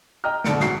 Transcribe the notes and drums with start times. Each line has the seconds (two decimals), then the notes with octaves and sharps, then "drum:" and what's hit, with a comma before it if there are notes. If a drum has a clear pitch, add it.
0.24 D#5 G5 A#5 F6
0.44 F#1 B2 D3 C#7 D7, drum: snare
0.60 E1 C2 G#2 F#4 C7, drum: snare